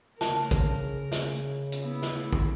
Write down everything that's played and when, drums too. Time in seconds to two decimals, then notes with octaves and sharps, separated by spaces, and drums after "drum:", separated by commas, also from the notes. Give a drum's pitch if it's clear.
0.21 C#3 A#4 A5, drum: snare
0.51 drum: kick, hi-hat
1.12 drum: snare
1.72 drum: hi-hat
1.82 B3 E4
2.02 drum: snare
2.33 drum: kick